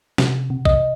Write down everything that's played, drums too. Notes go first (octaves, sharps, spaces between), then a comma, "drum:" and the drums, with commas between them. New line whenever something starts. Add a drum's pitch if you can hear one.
C3, drum: snare
C3
D#5, drum: kick